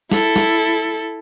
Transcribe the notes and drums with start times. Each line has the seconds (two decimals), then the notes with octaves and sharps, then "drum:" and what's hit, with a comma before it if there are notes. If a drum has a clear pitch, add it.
0.12 E4 A4, drum: snare
0.36 drum: snare